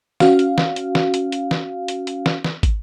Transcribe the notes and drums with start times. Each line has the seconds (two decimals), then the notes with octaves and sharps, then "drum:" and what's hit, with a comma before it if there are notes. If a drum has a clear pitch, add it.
0.20 C#4 F#4 F5, drum: snare
0.39 drum: hi-hat
0.58 drum: snare
0.76 drum: hi-hat
0.95 drum: snare
1.14 drum: hi-hat
1.32 drum: hi-hat
1.51 drum: snare
1.88 drum: hi-hat
2.07 drum: hi-hat
2.26 drum: snare
2.44 drum: snare
2.63 drum: kick, hi-hat